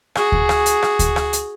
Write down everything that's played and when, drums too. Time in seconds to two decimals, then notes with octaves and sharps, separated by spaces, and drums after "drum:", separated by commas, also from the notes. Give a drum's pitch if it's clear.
0.15 F#4 G#4, drum: rim click
0.32 drum: kick D2
0.49 drum: rim click
0.66 drum: hi-hat
0.83 drum: rim click
0.99 drum: kick D2, hi-hat
1.16 drum: rim click
1.33 drum: hi-hat